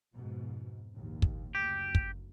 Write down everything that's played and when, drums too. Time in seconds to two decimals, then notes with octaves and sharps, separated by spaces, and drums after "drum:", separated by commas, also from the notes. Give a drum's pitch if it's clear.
0.15 F2 G#2 B2
0.93 A#1 D#2 G#2
1.22 drum: kick
1.55 F#1 D2 A#3 G4
1.95 drum: kick